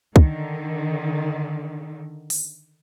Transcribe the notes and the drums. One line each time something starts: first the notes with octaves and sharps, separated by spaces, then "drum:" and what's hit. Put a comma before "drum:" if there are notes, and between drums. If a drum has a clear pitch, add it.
D3 D#3, drum: kick
drum: open hi-hat